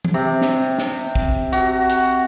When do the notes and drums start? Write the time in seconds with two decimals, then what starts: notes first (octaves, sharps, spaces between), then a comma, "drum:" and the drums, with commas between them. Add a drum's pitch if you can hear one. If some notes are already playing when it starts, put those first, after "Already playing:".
0.05 drum: tom
0.14 C3
0.42 drum: snare
0.78 drum: snare
1.15 drum: kick
1.52 F#4, drum: hi-hat
1.89 drum: hi-hat